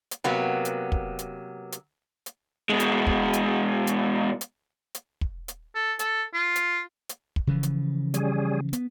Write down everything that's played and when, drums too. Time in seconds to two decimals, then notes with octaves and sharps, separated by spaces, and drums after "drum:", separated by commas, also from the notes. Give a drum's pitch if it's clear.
0.11 drum: hi-hat
0.24 C3 F#3 A#3 B3
0.65 drum: hi-hat
0.92 drum: kick
1.19 drum: hi-hat
1.72 drum: hi-hat
2.26 drum: hi-hat
2.69 B2 G#3
2.80 drum: hi-hat
3.07 drum: kick
3.33 drum: hi-hat
3.87 drum: hi-hat
4.41 drum: hi-hat
4.94 drum: hi-hat
5.21 drum: kick
5.48 drum: hi-hat
5.75 A4
5.99 A4, drum: hi-hat
6.34 F4
6.56 drum: hi-hat
7.09 drum: hi-hat
7.36 drum: kick
7.47 C#3 E3 F3
7.63 drum: hi-hat
8.14 G3 C#4 G#4, drum: hi-hat
8.73 B3, drum: hi-hat